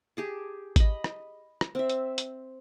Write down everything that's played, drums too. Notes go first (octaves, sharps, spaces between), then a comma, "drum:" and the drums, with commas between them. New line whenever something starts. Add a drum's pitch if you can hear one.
G4 G#4 A5
D#5 B5, drum: kick G#1, hi-hat
drum: rim click
drum: rim click
C4 E5
drum: hi-hat
drum: hi-hat